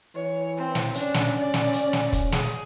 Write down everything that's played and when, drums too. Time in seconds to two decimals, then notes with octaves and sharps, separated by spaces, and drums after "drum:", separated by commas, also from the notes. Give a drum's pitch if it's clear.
0.15 E3 C#5
0.57 C4
0.75 drum: snare
0.95 C#4 D4, drum: hi-hat
1.14 drum: snare
1.40 D5
1.54 drum: snare
1.73 drum: hi-hat
1.93 drum: snare
2.13 drum: kick, hi-hat
2.32 G#4, drum: snare